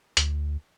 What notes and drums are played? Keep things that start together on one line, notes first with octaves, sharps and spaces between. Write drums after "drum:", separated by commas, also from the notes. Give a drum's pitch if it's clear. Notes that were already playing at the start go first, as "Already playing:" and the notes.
D2, drum: hi-hat